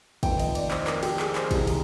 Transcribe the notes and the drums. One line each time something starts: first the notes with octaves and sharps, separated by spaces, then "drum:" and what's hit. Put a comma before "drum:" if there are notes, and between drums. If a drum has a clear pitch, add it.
F1 F2 D#3 G5, drum: kick, cymbal
D#5, drum: cymbal
D5, drum: cymbal
C5, drum: clap
A#4, drum: clap
G4, drum: cymbal
G#4, drum: clap
C5, drum: clap
C2 C3 D#3 G#4, drum: kick, cymbal
drum: cymbal